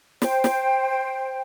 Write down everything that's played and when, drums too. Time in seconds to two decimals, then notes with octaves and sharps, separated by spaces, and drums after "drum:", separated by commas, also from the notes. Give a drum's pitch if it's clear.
0.22 C5 G5, drum: snare
0.44 drum: snare